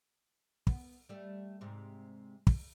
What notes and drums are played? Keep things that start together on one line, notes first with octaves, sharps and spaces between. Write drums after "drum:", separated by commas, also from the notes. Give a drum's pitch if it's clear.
B3, drum: kick
G3 A3
G#2 C3
drum: kick